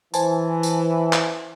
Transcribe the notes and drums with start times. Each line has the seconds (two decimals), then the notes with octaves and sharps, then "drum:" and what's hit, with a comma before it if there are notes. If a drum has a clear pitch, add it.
0.14 E3 C5 G#5 A5, drum: tambourine
0.63 drum: tambourine
1.13 drum: clap